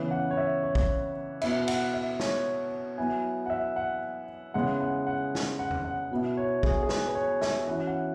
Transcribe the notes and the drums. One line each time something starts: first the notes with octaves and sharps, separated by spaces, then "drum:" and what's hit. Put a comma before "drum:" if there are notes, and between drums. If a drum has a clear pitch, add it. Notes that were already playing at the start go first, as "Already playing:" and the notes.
Already playing: C#3 E3 B3
F#5
C#5
E5
C#5
drum: kick
B2 B3 E4 E5, drum: cymbal
F#5, drum: cymbal
E5
C#5, drum: snare
F#3 B3 E4 G#5
F#5
E5
F#5
C#3 G#3 B3 E4 F#5
F#5
F#5
drum: snare
F#5
drum: tom E2
F#5
B2 B3 E4
C#5
G#4, drum: kick
G#4
B4, drum: snare
B4
C#5
E5, drum: snare
E3 C#4 E4 F#4
F#5